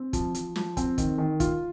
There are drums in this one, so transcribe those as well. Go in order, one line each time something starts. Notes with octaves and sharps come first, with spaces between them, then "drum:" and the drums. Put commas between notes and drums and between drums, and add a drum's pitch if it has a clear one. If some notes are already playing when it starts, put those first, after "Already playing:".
Already playing: C4
F3, drum: kick, hi-hat
F3, drum: hi-hat
F3, drum: snare
C4, drum: kick, hi-hat
D#3, drum: kick, hi-hat
D#3
F4, drum: kick, hi-hat